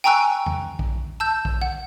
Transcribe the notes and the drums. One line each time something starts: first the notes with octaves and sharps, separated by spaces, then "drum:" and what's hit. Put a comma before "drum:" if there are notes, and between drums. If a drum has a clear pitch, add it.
G5 G#5 A#5 C#6 E6 F#6
drum: tom E2
drum: kick
A5 E6 G6
drum: kick
F#5